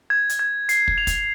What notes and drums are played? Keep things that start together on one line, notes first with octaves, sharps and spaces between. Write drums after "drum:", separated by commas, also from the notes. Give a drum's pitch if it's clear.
G#6
drum: hi-hat
G#6
C7, drum: hi-hat
drum: kick
F7
drum: kick, hi-hat